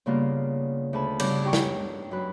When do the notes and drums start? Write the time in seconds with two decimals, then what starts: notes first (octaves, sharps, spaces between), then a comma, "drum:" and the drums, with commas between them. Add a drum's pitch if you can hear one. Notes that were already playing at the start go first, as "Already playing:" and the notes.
0.06 G2 C#3 A#3 B3 F4 D5
0.93 D2 B3 G#4 A5 B5
1.19 G2 C#3 B3 D5 D6 G6, drum: cymbal
1.43 D#4 G4 G5 C#6
1.53 drum: snare
2.11 F#2 B4